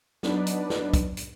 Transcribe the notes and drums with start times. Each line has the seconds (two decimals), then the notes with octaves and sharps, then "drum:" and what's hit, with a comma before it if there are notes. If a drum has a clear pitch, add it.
0.23 F#3 B3 D4 D#4 B4 D5, drum: snare
0.47 drum: hi-hat
0.70 drum: snare
0.94 drum: kick, hi-hat
1.17 drum: hi-hat